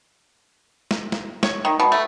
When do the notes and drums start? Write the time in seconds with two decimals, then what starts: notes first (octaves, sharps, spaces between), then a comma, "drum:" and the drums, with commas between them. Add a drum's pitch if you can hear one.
0.91 drum: snare
1.12 drum: snare
1.43 C#5, drum: snare
1.65 D#3
1.79 B2
1.92 A3